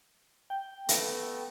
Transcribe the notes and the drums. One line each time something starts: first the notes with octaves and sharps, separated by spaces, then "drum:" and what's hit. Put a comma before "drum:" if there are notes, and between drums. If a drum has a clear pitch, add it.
G5
A3 B3 A4, drum: hi-hat